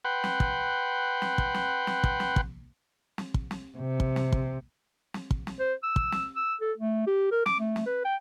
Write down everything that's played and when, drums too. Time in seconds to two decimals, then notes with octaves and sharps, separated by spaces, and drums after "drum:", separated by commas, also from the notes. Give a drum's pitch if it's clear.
0.05 B4 F#5 G5 C6
0.24 drum: snare
0.40 drum: kick
1.22 drum: snare
1.38 drum: kick
1.55 drum: snare
1.87 drum: snare
2.04 drum: kick
2.20 drum: snare
2.36 drum: kick
3.18 drum: snare
3.34 drum: kick
3.51 drum: snare
3.77 C3
4.00 drum: kick
4.16 drum: snare
4.32 drum: kick
5.14 drum: snare
5.31 drum: kick
5.47 drum: snare
5.60 C5
5.83 E6
5.96 drum: kick
6.12 drum: snare
6.36 E6
6.61 A4
6.78 A3
7.07 G4
7.31 A#4
7.46 D6, drum: snare
7.60 A3
7.76 drum: snare
7.86 B4
8.05 G5